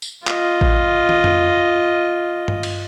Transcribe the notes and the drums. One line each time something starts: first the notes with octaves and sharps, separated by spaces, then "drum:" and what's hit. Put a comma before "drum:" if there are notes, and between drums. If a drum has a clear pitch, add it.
drum: tambourine
F4 D#5, drum: clap
drum: kick A1
drum: tom
drum: tom F2
drum: tom G2
drum: cymbal